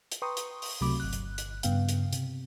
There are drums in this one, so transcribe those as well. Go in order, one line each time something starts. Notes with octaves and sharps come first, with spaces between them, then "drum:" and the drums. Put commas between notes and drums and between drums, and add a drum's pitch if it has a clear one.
drum: hi-hat
B4 G5 A#5 C6 C#6 D#6
drum: hi-hat
drum: open hi-hat
C#2 C3 F#3 A3 B5 D6
G1 F#6
drum: hi-hat
drum: hi-hat
G2 C#3 B3 F5 G5, drum: hi-hat
drum: hi-hat
C3, drum: hi-hat